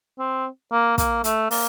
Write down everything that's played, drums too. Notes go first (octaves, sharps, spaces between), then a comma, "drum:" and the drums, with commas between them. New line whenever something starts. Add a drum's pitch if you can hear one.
C4
A#3
A#3, drum: kick, hi-hat
A3, drum: hi-hat
A#3, drum: open hi-hat